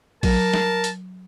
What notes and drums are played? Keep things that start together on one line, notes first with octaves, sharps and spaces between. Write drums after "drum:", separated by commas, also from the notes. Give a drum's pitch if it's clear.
F#3 A#4 A5, drum: kick A#1, open hi-hat
drum: snare
drum: hi-hat